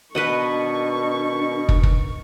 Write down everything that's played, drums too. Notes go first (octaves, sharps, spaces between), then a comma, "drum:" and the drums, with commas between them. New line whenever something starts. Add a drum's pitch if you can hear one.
B2 D#3 D4 B4 D#5 F#5 C#6
drum: kick
drum: kick